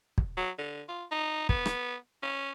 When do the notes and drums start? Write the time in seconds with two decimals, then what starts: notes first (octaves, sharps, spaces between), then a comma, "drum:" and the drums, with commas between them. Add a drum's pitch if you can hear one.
0.18 drum: kick
0.37 F#3
0.58 D3
0.89 F4
1.11 D#4
1.49 B3, drum: kick
1.66 drum: rim click
2.23 C#4